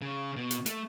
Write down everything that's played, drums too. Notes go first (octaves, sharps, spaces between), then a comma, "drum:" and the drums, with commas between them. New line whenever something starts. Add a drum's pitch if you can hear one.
C#3
B2
drum: hi-hat
A3, drum: hi-hat